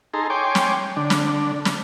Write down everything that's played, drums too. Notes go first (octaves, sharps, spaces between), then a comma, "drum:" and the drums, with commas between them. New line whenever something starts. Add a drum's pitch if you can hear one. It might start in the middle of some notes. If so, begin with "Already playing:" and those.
D#4 G#4 A4 A#5 C6
C#5 G5 G#5 C6 D6
drum: snare
D3 D4
drum: snare
drum: snare